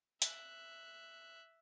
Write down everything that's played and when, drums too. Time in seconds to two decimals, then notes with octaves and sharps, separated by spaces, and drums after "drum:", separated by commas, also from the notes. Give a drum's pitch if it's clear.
0.22 E5 F#6, drum: hi-hat